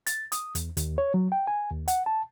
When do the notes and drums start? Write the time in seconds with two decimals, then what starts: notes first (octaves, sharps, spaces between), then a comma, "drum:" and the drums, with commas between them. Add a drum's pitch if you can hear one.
0.07 A6, drum: hi-hat
0.32 D#6, drum: hi-hat
0.55 E2, drum: hi-hat
0.77 D#2, drum: hi-hat
0.98 C#5
1.14 F#3
1.32 G5
1.47 G#5
1.71 D#2
1.88 F#5, drum: hi-hat
2.06 A5